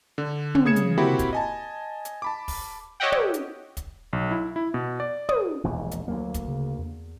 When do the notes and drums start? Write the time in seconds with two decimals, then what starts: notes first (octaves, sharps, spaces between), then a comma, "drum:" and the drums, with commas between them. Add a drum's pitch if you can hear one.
0.18 D3
0.55 drum: tom
0.65 C#3 D#6 G#6 C#7 E7
0.76 drum: hi-hat
0.98 A#3 C4 E4 F#4 G4 B5
1.19 drum: kick, hi-hat
1.33 D#5 G#5 A5
2.05 drum: hi-hat
2.22 A5 B5 D6
2.48 drum: kick, open hi-hat
3.00 G4 C#5 D#5 E5 F#5 G5
3.12 drum: tom
3.34 drum: hi-hat
3.77 drum: kick, hi-hat
4.13 B1
4.31 E4
4.56 E4
4.74 B2
5.00 D5
5.29 D#6, drum: tom
5.64 E1 A#1 D#2
5.91 drum: hi-hat
6.08 D2 F#3 A#3
6.34 drum: kick, hi-hat
6.48 C#3
6.79 E2